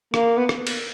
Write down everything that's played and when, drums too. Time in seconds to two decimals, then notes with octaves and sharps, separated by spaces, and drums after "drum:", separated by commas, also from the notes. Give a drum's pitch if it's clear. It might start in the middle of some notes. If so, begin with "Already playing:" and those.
0.14 A#3, drum: rim click
0.38 B3
0.49 drum: rim click
0.67 drum: cymbal